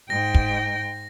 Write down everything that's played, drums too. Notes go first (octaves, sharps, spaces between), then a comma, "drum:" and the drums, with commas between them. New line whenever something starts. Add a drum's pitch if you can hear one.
G#2 G5 A#6
drum: kick